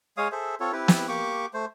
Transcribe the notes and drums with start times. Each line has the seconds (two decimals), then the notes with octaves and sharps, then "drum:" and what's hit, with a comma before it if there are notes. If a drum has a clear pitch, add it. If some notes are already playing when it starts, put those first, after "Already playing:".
0.17 G#3 C#5 F5 D#6
0.32 G#4 A4 C5 E5
0.60 C4 F4 A4 C#5
0.73 C4 E4 G4 B4
0.88 drum: snare
1.08 A#3 G4 C#6 D6
1.54 A3 C5